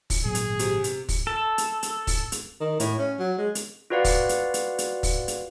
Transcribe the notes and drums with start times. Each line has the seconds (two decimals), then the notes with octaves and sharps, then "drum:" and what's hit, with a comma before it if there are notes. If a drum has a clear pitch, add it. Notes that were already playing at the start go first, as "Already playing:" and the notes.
0.10 drum: kick, open hi-hat
0.25 G#1 A#2 F#3 G#4
0.35 drum: hi-hat
0.59 C3, drum: hi-hat
0.84 drum: hi-hat
1.09 drum: kick, open hi-hat
1.27 A4
1.58 drum: hi-hat
1.83 drum: hi-hat
2.07 drum: kick, open hi-hat
2.32 drum: hi-hat
2.61 D#3
2.80 A2, drum: hi-hat
2.99 C#4
3.19 F#3
3.38 G#3
3.55 drum: hi-hat
3.90 F4 F#4 B4 D5 F5 F#5
4.04 drum: kick, open hi-hat
4.29 drum: hi-hat
4.54 drum: hi-hat
4.78 drum: hi-hat
5.03 drum: kick, open hi-hat
5.28 drum: hi-hat